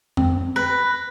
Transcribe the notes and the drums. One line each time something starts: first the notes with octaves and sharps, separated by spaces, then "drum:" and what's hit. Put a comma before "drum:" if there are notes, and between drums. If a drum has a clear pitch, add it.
C4, drum: tom F2
B4 A#6